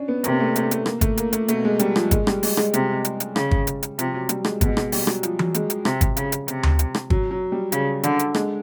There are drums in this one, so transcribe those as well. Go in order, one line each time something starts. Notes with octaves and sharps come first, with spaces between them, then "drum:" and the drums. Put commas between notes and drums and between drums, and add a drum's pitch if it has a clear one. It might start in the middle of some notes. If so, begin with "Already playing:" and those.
Already playing: C#4 D4
B3
C3 A#3, drum: hi-hat
A3
A3, drum: hi-hat
A3, drum: hi-hat
A#3, drum: rim click
A3, drum: kick, hi-hat
A#3, drum: hi-hat
A3, drum: hi-hat
B2 A3, drum: hi-hat
G#3
G3, drum: hi-hat
F3, drum: rim click
G#3, drum: kick, hi-hat
G3, drum: rim click
G#3, drum: open hi-hat
G#3, drum: rim click
C3 G3, drum: hi-hat
drum: hi-hat
drum: hi-hat
C#3, drum: rim click
drum: kick
drum: hi-hat
drum: hi-hat
C3 F3, drum: hi-hat
F#3
G3, drum: hi-hat
G#3, drum: rim click
B2 G#3, drum: kick, hi-hat
G#3, drum: rim click
G3, drum: open hi-hat
F#3, drum: rim click
F3, drum: hi-hat
F#3, drum: tom E3
G#3, drum: hi-hat
drum: hi-hat
C3, drum: rim click
drum: kick, hi-hat
C#3, drum: hi-hat
drum: hi-hat
C3, drum: hi-hat
drum: tom D2
drum: hi-hat
drum: rim click
F#3, drum: kick
F#3
G3
C#3, drum: hi-hat
D3, drum: hi-hat
drum: hi-hat
G#3, drum: rim click